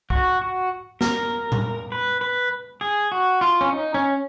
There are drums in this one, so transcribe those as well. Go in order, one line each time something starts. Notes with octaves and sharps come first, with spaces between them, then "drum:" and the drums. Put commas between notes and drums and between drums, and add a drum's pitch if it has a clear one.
F#4, drum: kick
F#4
A#4, drum: snare
drum: tom A2
B4
B4
G#4
F#4
F4
C#4
D#4
C#4